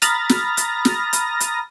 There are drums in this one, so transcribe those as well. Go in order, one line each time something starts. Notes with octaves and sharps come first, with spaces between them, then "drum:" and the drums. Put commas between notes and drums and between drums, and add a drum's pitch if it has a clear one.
A#5 B5 D#6 F6 A6 A#6, drum: hi-hat
drum: snare
drum: hi-hat
drum: snare
drum: hi-hat
drum: hi-hat